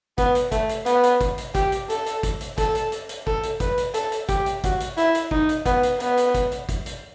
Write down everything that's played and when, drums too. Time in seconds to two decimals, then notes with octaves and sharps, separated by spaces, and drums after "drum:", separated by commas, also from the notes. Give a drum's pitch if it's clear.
0.18 B3, drum: kick, hi-hat
0.35 drum: hi-hat
0.52 A3, drum: kick, hi-hat
0.69 drum: hi-hat
0.86 B3, drum: hi-hat
1.03 drum: hi-hat
1.21 drum: kick, hi-hat
1.38 drum: hi-hat
1.55 G4, drum: kick, hi-hat
1.72 drum: hi-hat
1.90 A4, drum: hi-hat
2.06 drum: hi-hat
2.23 drum: kick, hi-hat
2.40 drum: hi-hat
2.58 A4, drum: kick, hi-hat
2.75 drum: hi-hat
2.92 drum: hi-hat
3.09 drum: hi-hat
3.27 A4, drum: kick
3.43 drum: hi-hat
3.60 B4, drum: kick, hi-hat
3.78 drum: hi-hat
3.94 A4, drum: hi-hat
4.12 drum: hi-hat
4.29 G4, drum: kick, hi-hat
4.46 drum: hi-hat
4.64 F#4, drum: kick, hi-hat
4.80 drum: hi-hat
4.97 E4, drum: hi-hat
5.15 drum: hi-hat
5.31 D#4, drum: kick
5.49 drum: hi-hat
5.66 B3, drum: kick, hi-hat
5.83 drum: hi-hat
6.00 B3, drum: hi-hat
6.17 drum: hi-hat
6.34 drum: kick, hi-hat
6.52 drum: hi-hat
6.69 drum: kick, hi-hat
6.86 drum: hi-hat